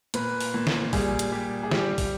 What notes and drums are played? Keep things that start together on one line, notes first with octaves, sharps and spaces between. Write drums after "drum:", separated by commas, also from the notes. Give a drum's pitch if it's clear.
A#2 B4, drum: hi-hat
drum: open hi-hat
A#2
drum: snare
G3 G#4, drum: kick, open hi-hat
drum: hi-hat
G3 G4
G#4
G3 G4, drum: snare
drum: kick, open hi-hat